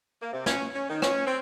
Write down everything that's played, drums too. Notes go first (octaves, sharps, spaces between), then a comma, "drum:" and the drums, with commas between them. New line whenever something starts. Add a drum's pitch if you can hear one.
A#3
C3
C#4, drum: snare
C#4
D#3
C#4, drum: rim click
C4